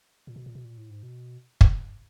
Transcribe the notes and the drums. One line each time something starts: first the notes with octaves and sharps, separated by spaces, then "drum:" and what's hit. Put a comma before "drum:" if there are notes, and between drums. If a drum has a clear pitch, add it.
A#2
B2
A#2
B2
A#2
A2
G#2
B2
drum: kick